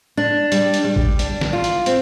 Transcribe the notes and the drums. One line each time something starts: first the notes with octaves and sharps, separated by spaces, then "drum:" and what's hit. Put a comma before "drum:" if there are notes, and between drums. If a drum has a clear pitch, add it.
D4
G3, drum: hi-hat
drum: hi-hat
G3
drum: kick A1
D4, drum: hi-hat
drum: snare
F4
drum: hi-hat
C4, drum: hi-hat